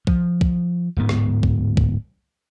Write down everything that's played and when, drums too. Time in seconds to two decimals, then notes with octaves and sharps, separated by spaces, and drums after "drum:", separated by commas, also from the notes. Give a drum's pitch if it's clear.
0.07 F3, drum: kick
0.41 drum: kick
0.97 D1 G#2 B3
1.09 drum: rim click
1.43 drum: kick
1.77 drum: kick